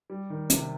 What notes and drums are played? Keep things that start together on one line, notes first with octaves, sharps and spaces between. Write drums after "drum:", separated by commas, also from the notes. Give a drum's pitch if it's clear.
G3
D#3
C3, drum: hi-hat